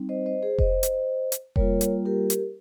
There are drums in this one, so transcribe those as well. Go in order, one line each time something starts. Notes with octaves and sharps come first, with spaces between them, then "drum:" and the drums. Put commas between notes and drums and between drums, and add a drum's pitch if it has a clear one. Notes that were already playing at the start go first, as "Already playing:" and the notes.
Already playing: G3 C4 D#4
C5 D#5
C5 D#5
G#4 C5
C5 D#5, drum: kick F1
drum: hi-hat
drum: hi-hat
G3 A#3 F4 A#4 C#5, drum: kick F1
drum: hi-hat
G4 A#4
drum: hi-hat